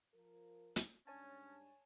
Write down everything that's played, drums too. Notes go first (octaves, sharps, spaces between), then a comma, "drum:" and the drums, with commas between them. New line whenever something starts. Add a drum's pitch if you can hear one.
F3 A#4
drum: hi-hat
G#2 G3 C#4 D4 C#5 G#5 A5